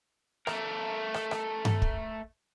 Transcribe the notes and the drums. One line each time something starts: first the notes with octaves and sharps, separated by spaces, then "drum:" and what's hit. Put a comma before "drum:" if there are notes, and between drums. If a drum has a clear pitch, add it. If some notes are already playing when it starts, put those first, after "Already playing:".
A3 A#4, drum: rim click
drum: rim click
drum: rim click
drum: tom G2
drum: kick